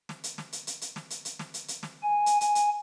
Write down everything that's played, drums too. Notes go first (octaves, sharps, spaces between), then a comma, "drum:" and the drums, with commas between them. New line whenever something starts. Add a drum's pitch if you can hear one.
drum: snare
drum: hi-hat
drum: snare
drum: hi-hat
drum: hi-hat
drum: hi-hat
drum: snare
drum: hi-hat
drum: hi-hat
drum: snare
drum: hi-hat
drum: hi-hat
drum: snare
G#5
drum: hi-hat
G#5, drum: hi-hat
drum: hi-hat